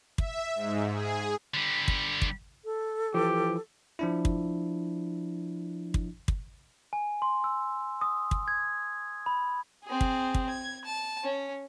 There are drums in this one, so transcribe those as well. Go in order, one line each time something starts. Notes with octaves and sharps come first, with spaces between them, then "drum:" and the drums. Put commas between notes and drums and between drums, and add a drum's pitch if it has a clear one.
E5, drum: kick
G#2
G#4
D3 G3
drum: kick
drum: kick
A4
E3 F3 G4
F3 D4 E4
drum: kick
drum: kick
drum: kick
G#5
C6
E6
D#6
drum: kick
G#6
B5
C4 G#4
drum: kick
drum: kick
G#6
A5
C#4